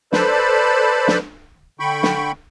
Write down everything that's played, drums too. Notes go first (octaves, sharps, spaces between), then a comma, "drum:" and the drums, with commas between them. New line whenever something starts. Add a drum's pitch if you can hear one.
A4 B4 C5 D5 A5 B5, drum: snare
drum: snare
D3 G5 B5 C#6
drum: snare